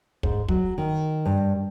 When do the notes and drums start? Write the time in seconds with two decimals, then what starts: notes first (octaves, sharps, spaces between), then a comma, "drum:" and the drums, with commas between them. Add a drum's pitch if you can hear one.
0.23 G#2, drum: kick
0.48 F#3, drum: kick
0.78 D#3
1.25 G2